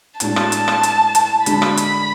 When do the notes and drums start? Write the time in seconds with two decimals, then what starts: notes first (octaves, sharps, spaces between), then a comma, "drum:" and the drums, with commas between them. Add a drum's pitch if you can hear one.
0.20 A2 G#3 D4 F#4 A5, drum: hi-hat
0.36 drum: rim click
0.52 drum: hi-hat
0.68 drum: rim click
0.83 drum: hi-hat
1.15 drum: hi-hat
1.46 D3 G#3 D4 F#4 B5, drum: hi-hat
1.62 drum: rim click
1.77 drum: hi-hat